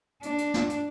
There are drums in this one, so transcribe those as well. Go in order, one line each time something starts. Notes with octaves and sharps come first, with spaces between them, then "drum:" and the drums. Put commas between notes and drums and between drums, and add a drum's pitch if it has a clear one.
D4, drum: hi-hat
drum: hi-hat
drum: snare
drum: hi-hat